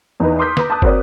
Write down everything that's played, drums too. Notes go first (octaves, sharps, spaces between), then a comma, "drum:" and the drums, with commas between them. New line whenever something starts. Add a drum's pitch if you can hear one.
E2 D#4 B4
C6 D6 D#6 F6 G6 B6
B4 A#5, drum: snare
A5 D6 D#6 F#6
C4 F#4 A#4 C#5 D5, drum: kick